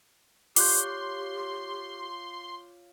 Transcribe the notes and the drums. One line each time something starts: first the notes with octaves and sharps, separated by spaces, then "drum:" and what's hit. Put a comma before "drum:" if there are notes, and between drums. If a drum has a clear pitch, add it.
F4 G4 C#5 C6 D6 F#6 G6, drum: open hi-hat